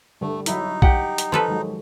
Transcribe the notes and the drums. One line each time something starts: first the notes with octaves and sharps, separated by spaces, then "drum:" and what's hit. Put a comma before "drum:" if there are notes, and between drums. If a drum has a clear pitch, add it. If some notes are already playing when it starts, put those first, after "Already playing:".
D3 G3 A3
F#3 D#4 E4, drum: hi-hat
G4 F#5, drum: kick A#1
drum: hi-hat
F3 A4 B4
D#3 F#3 G#3